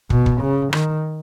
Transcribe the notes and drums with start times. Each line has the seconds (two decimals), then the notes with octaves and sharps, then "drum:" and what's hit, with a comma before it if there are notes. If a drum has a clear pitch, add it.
0.10 B2, drum: kick
0.26 drum: kick
0.41 C#3
0.73 D#3, drum: rim click